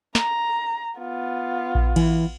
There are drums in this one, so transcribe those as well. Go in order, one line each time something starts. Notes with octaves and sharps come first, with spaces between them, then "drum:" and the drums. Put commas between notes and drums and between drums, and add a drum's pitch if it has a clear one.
A#5, drum: snare
B3 F4
drum: kick A#1
E3, drum: cymbal